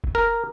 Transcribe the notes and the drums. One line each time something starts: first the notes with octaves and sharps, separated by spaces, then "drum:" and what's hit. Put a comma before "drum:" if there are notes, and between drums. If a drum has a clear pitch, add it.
drum: kick F#1
A#4